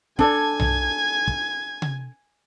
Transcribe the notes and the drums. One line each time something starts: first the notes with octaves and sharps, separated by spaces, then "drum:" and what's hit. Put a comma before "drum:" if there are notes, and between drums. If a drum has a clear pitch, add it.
D4 A4 D5 G#5 G#6, drum: kick
drum: tom B1
drum: kick
drum: tom C3